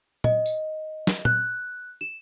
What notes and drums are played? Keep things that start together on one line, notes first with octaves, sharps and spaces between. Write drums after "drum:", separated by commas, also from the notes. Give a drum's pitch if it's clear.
D#5, drum: tom A#2
drum: tambourine
drum: snare
F#6, drum: tom A#2
E7